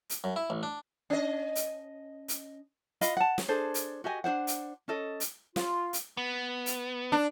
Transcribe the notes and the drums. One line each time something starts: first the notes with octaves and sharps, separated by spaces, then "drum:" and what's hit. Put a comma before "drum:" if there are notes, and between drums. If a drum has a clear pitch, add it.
drum: hi-hat
F#2
E4
A1
D4
C#4 D#5
drum: hi-hat
drum: hi-hat
F4 D#5 F5 B5, drum: hi-hat
F#5 A5
drum: snare
D4 G#4 A4 C5
drum: hi-hat
F#4 G4 D#5 G#5
D4 F#4 C5 F#5
drum: hi-hat
C#4 A4 D#5
drum: hi-hat
F4, drum: snare
drum: hi-hat
B3
drum: hi-hat
D4